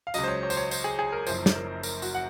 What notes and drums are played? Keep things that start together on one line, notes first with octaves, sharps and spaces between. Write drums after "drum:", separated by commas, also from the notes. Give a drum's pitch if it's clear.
F5
C#2 C#3 F#3 D#5, drum: tambourine
C5
C#5
C#5
C5, drum: tambourine
C#5
C5, drum: tambourine
G#4
G#4
A#4
F#1 F#2 F3 C5, drum: tambourine
drum: snare
A#4
A#4, drum: tambourine
F#4, drum: tambourine
F#5